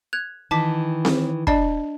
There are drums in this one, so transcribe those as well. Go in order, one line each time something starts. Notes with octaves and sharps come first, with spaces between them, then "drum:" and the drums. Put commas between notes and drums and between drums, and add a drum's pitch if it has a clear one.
F#6 G#6 F7
D#3 E3 A5 D6 B6
drum: snare C4
D4 D5 D#5 A5, drum: kick